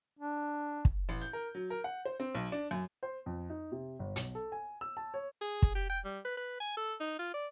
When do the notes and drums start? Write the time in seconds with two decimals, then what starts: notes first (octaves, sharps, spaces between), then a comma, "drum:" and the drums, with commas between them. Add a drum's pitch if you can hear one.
0.19 D4
0.85 drum: kick
1.09 A1
1.22 G6
1.33 A#4
1.55 F#3
1.70 A#4
1.84 F#5
2.05 C5
2.20 C4
2.35 B1
2.52 D4
2.71 F#2
3.03 C5
3.26 F2
3.50 D#4
3.72 C3
3.99 G1
4.16 B1, drum: hi-hat
4.35 A4
4.52 G#5
4.81 E6
4.97 A5
5.14 C#5
5.41 G#4
5.62 drum: kick
5.75 G4
5.89 G5
6.05 G3
6.25 B4
6.37 B4
6.60 G#5
6.77 A4
7.00 D#4
7.19 F4
7.34 D5